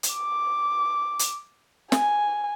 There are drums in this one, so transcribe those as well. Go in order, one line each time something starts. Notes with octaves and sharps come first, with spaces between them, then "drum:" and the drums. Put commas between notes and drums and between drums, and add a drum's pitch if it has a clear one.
drum: hi-hat
D6
drum: hi-hat
G#5, drum: snare